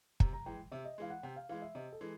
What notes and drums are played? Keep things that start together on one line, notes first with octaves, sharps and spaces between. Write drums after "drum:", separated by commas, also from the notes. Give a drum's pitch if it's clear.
C3 A#5, drum: kick
A#5
E3 G#3 G5
C3 E5
D#5
E3 G#3 F5
F#5
C3 G5
F5
E3 G#3 F5
E5
C3 D#5
A4
E3 G#3